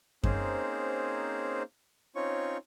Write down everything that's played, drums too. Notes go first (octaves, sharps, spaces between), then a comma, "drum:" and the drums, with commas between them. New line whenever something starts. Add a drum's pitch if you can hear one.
A#3 C4 C#4 D#4 G#4 C5, drum: kick F#2
C4 C#4 D#4 F4 C#5 C#6